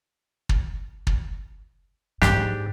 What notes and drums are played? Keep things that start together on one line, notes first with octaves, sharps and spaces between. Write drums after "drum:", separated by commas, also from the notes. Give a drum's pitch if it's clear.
drum: kick
drum: kick
G#2 D4 G4, drum: snare